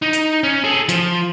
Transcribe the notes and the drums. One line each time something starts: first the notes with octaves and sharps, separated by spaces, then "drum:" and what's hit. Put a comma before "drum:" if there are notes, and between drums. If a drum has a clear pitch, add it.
D#4
drum: hi-hat
C#4
G#4 A4
F3, drum: hi-hat